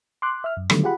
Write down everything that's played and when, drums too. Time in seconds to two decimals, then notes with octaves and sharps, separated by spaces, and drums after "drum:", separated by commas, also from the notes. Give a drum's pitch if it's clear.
0.22 C6 D6 F#6
0.44 E5 F6
0.57 F#2
0.70 D3 D#3 F#3 G3 A3 B3, drum: rim click
0.83 F4 G4 G#4 F#5 B5